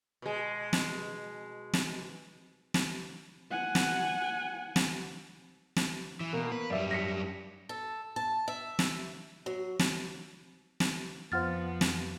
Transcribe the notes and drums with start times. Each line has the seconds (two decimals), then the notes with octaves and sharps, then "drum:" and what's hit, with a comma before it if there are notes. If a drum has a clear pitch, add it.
0.22 B2 G#3
0.73 drum: snare
1.73 drum: snare
2.74 drum: snare
3.51 F#5 G#5
3.75 drum: snare
4.76 drum: snare
5.76 drum: snare
6.20 E3
6.33 B2 A#3
6.52 B4
6.70 F#2 G3 D5 E5
6.91 A#6 B6 C#7
7.69 A4
8.16 A5
8.48 E5
8.79 drum: snare
9.46 F#3
9.79 drum: snare
10.80 drum: snare
11.32 F2 F3 B3 F4 C5 F#5 F6 A6
11.81 drum: snare